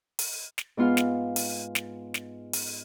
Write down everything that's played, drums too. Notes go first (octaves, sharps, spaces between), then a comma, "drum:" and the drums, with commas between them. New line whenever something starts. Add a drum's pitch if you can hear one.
drum: open hi-hat
drum: snare
G#2 B3 F4 F5
drum: snare
drum: open hi-hat
drum: snare
drum: snare
drum: open hi-hat